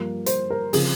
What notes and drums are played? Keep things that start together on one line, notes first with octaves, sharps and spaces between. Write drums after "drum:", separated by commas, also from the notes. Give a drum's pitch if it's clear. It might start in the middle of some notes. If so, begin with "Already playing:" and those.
Already playing: G2 F3 A#3
C5, drum: hi-hat
A#4
C#3 F3 C4 G#4, drum: open hi-hat